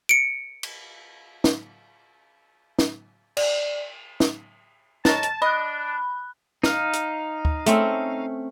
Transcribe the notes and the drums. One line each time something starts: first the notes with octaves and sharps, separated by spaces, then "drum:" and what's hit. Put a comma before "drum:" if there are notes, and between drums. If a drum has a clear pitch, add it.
C#7 D7
drum: cymbal
drum: snare
drum: snare
D5, drum: cymbal
drum: snare
G#3 A#4 C#5 A5, drum: snare
drum: hi-hat
D4 D#5 B5 F#6
D#4 F5, drum: snare
drum: hi-hat
drum: kick D2
A3 C4 C#4, drum: hi-hat